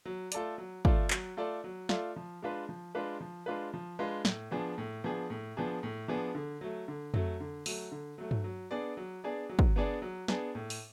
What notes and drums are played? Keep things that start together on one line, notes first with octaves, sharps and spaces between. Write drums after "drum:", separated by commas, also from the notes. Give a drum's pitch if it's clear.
F#3
A3 F4 A4 D5, drum: hi-hat
F#3
A3 F4 A4 D5, drum: kick
F#3, drum: clap
A3 F4 A4 D5
F#3
A3 F4 A4 D5, drum: snare
F3
G#3 D4 F4 B4
F3
G#3 D4 F4 B4
F3
G#3 D4 F4 B4
F3
G#3 D4 F4 B4
A2, drum: snare
F3 B3 D4 G#4
A2
F3 B3 D4 G#4
A2
F3 B3 D4 G#4
A2
F3 B3 D4 G#4
D3
F#3 A3
D3
F#3 A3, drum: tom F2
D3
F#3 A3, drum: open hi-hat
D3
F#3 A3
drum: tom G2
F#3
B3 D4 G#4 D5
F#3
B3 D4 G#4 D5
F#3
drum: kick
B3 D4 G#4 D5
F#3
B3 D4 G#4 D5, drum: snare
A2
drum: open hi-hat